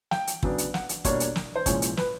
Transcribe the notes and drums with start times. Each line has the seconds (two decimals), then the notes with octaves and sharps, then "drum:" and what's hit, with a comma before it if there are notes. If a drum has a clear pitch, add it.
0.11 G5, drum: snare
0.27 drum: hi-hat
0.43 C#3 F#3 B3 D4, drum: kick
0.58 drum: hi-hat
0.74 F#5, drum: snare
0.89 drum: hi-hat
1.05 B2 G3 A#3 D4 C#5, drum: kick, hi-hat
1.20 drum: hi-hat
1.36 drum: snare
1.56 C5
1.66 C2 A#2 F3 G#3 C#4 C#5, drum: kick, hi-hat
1.82 drum: hi-hat
1.97 B4, drum: snare